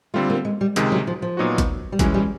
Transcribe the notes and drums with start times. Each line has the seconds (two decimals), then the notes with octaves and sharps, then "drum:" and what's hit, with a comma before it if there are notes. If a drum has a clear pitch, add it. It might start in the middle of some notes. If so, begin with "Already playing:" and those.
0.14 D3 G3 A3 C4 F4
0.30 A#3
0.45 G#3
0.61 G3
0.76 C#2 C3 D#3 G#3, drum: hi-hat
0.92 F#3
1.07 F3
1.22 F3
1.37 A#2 F#3 B3 D#4 F#4
1.58 drum: kick G#1, hi-hat
1.92 G3
1.99 E3 F#3 G#3 C#4 E4, drum: kick G#1, hi-hat
2.14 G3